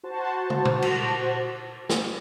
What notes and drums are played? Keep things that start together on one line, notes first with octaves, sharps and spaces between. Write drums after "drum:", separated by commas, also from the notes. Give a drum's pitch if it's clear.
F#4 C5 A5
drum: tom
drum: tom A#2
drum: cymbal
drum: snare